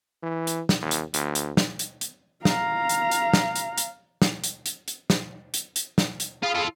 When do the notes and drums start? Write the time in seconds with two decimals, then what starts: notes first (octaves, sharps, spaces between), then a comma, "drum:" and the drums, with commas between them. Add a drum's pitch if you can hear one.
0.23 E3
0.47 drum: hi-hat
0.69 drum: snare
0.82 D#2
0.91 drum: hi-hat
1.14 D2, drum: hi-hat
1.35 drum: hi-hat
1.57 drum: snare
1.79 drum: hi-hat
2.01 drum: hi-hat
2.45 F5 A#5, drum: snare
2.89 drum: hi-hat
3.11 drum: hi-hat
3.33 drum: snare
3.56 drum: hi-hat
3.78 drum: hi-hat
4.22 drum: snare
4.44 drum: hi-hat
4.66 drum: hi-hat
4.88 drum: hi-hat
5.10 drum: snare
5.54 drum: hi-hat
5.76 drum: hi-hat
5.98 drum: snare
6.20 drum: hi-hat
6.43 F4 G#4 F5 B5
6.55 F4 A4